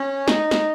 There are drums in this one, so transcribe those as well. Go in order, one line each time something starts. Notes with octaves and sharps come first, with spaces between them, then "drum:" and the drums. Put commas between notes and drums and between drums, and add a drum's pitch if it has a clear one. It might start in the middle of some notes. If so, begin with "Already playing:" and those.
Already playing: C#4
D#4, drum: snare
drum: snare